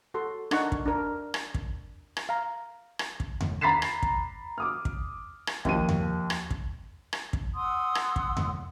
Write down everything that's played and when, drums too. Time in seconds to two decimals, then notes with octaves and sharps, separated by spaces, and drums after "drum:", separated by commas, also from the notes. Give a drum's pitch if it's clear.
0.14 F#4 A4 C6
0.51 D4 D#4 A#4 F#5 C#6, drum: rim click
0.72 drum: kick
0.86 D4 A#4
1.34 drum: rim click
1.55 drum: kick
2.17 drum: rim click
2.29 F5 A#5
2.99 drum: rim click
3.20 drum: kick
3.41 drum: tom E2
3.61 A#5 B5 A6 B6 C7 E7
3.82 drum: rim click
4.03 drum: kick
4.58 D6 D#6 F6
4.85 drum: kick
5.47 drum: rim click
5.65 D#2 F3 D#7, drum: kick
5.89 drum: tom E2
6.30 drum: rim click
6.51 drum: kick
7.13 drum: rim click
7.33 drum: kick
7.55 F#5 C6 D#6 E6
7.95 drum: rim click
8.16 drum: kick
8.37 drum: tom E2